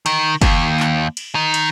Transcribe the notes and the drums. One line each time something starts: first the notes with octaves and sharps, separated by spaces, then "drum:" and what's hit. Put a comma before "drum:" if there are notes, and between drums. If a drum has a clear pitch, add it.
D#3, drum: cymbal
D#2, drum: kick, cymbal
drum: clap
drum: cymbal
D#3
drum: cymbal